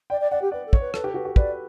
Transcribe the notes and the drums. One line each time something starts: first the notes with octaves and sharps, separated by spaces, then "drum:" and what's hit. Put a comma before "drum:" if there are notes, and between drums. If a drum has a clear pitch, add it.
D5 G5
D5
D5 F#5
G4
B4 D5
A4
C#5, drum: kick
B4
A4 B4, drum: rim click
G4
F#4 B4
G4
B4 D5, drum: kick